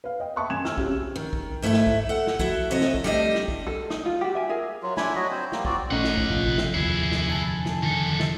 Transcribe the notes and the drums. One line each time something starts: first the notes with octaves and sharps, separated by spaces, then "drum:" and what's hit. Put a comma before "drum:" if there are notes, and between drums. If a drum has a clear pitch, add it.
B4 F5
D#5 G5
E5 A5 B5 C#6 D#6 F#6
F#2 G#5 G#6 E7
E6 F6, drum: snare
C#3 C4 C#4 F#4 G4, drum: kick
D#3
drum: kick
G#2 A3 E4 A4 E5
drum: snare
drum: kick
A4 F#5
drum: snare
E4 F#4 A4 E5, drum: kick
C3 A4 C#5 D#5
drum: snare
drum: kick
G3 A3 D4 D5 D#5
drum: snare
drum: kick
A4
D#4, drum: snare
F4
F#4 G4
E5 G#5
G#4 A#4 E5
F#3 F4
D4 E4 G#5 B5, drum: snare
F#3 F#4 D#5
C4 C5
G3 A#3, drum: snare
C4 F4 F#4 D5, drum: kick
A1 A3 C#4 D#4 D#5 F#5
drum: snare
drum: kick
F1 E2 C#3 F4
drum: snare
D#2 D3 E4 G#4
drum: snare
G#5 A5
drum: snare
D#3 A4
drum: snare